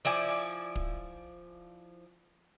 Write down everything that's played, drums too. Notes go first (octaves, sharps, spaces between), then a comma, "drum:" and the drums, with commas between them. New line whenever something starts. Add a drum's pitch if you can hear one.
F3 E4 D5 G#5
drum: open hi-hat
drum: kick